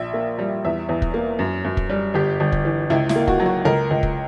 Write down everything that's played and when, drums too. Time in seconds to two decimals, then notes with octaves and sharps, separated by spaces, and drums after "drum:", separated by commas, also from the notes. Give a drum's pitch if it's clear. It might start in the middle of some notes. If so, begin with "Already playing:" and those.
Already playing: A#1 E5
0.14 A#3
0.39 G3
0.65 E2 E5
0.89 E2
1.02 drum: kick
1.14 A#3
1.39 F#2
1.65 F#2
1.77 drum: kick
1.89 G3
2.14 G1 G4
2.40 G1
2.52 drum: kick
2.65 E3
2.90 C#2 E4
3.09 E4, drum: snare
3.16 A#3
3.28 F#4, drum: kick
3.40 F#3
3.46 F#4
3.65 C#2 A#4
3.91 C#2
4.03 drum: kick